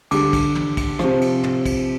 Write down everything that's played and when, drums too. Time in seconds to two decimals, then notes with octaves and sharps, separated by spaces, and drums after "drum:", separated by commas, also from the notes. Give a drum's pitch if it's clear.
0.11 D3 G3 D6, drum: cymbal
0.33 drum: kick, cymbal
0.55 drum: tom
0.77 drum: kick, cymbal
0.99 C3 F3, drum: rim click
1.21 drum: cymbal
1.43 drum: tom
1.66 drum: kick, cymbal